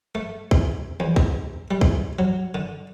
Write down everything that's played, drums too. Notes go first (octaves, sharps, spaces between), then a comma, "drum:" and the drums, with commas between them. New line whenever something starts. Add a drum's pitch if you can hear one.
A3
drum: kick
E2
drum: kick
G3
drum: kick
F#3
D3